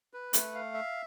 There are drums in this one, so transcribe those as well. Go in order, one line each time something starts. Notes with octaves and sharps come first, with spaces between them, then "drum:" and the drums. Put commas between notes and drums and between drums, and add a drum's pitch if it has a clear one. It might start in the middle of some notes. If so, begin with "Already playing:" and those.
B4
A3, drum: hi-hat
F5
E5